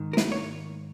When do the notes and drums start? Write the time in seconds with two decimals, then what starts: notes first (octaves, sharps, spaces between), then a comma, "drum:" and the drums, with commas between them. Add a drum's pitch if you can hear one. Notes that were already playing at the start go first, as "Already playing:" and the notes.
Already playing: G#2 D#3
0.13 A#4
0.17 B4, drum: snare
0.32 C#5